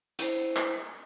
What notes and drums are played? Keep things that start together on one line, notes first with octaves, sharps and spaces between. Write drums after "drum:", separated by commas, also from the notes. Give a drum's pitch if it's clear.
E4 C5, drum: hi-hat
drum: clap